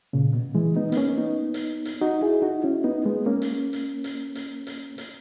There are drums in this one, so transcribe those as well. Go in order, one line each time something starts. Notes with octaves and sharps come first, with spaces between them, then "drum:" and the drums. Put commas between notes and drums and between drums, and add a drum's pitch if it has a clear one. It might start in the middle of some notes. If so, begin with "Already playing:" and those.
A#2 C#3
B2
E3 G#3
B3 D#4
B3, drum: hi-hat
A#3 C#4
B3 D#4
drum: hi-hat
drum: hi-hat
D#4 F#4
E4 G#4
D#4 F#4
C#4 E4
B3 D#4
G#3 B3
A#3 C#4
drum: hi-hat
drum: hi-hat
drum: hi-hat
drum: hi-hat
drum: hi-hat
drum: hi-hat